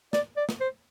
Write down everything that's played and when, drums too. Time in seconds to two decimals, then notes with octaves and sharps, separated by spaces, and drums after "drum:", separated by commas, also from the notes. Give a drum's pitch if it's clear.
0.13 D5, drum: snare
0.37 D5
0.49 drum: snare
0.60 C5